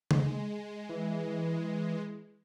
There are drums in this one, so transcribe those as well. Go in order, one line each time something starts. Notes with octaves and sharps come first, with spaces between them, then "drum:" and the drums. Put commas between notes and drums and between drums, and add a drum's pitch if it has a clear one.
G#3, drum: tom C#3
E3